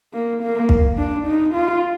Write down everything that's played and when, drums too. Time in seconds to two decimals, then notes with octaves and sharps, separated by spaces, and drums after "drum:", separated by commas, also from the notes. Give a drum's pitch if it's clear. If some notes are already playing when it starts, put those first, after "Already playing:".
0.14 A#3
0.42 A#3
0.69 drum: kick
0.98 D4
1.26 D#4
1.54 F4